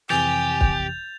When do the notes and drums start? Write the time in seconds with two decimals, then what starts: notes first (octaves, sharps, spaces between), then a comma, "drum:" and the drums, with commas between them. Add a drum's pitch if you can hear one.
0.10 F2 C3 E3 G4 G#5 G6 A6 F7
0.61 drum: kick